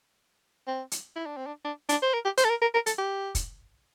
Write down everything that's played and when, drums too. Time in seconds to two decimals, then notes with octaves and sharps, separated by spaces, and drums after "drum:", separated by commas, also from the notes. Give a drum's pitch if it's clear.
0.67 C4
0.91 drum: hi-hat
1.16 E4
1.26 D4
1.37 C4
1.47 D4
1.64 D4
1.89 D4, drum: hi-hat
2.02 C5
2.14 A#4
2.25 G4
2.37 C5, drum: hi-hat
2.45 A4
2.49 A#4
2.61 A#4
2.74 A#4
2.86 A4, drum: hi-hat
2.98 G4
3.35 drum: kick, hi-hat